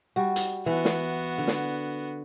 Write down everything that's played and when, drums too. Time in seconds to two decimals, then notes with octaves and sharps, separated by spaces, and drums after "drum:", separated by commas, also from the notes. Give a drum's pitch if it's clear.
0.16 G3 F#4
0.36 drum: hi-hat
0.66 E3 B3 F#4
0.85 drum: snare
1.38 D3
1.48 drum: snare